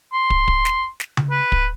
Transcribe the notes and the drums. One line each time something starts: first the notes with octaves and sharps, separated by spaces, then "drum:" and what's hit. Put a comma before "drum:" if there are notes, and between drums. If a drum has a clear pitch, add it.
C6
drum: kick
drum: kick
drum: snare
drum: snare
drum: tom C#3
B4
drum: kick